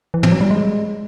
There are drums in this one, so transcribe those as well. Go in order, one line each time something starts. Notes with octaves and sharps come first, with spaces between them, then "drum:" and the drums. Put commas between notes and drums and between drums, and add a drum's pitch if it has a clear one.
E3
F3, drum: tom
F#3
G3
G#3